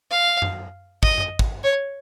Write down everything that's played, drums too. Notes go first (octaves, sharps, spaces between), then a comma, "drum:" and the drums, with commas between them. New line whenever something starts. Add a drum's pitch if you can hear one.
F5
drum: tom F#2
D#5, drum: kick
drum: tom F#2
drum: kick
C#5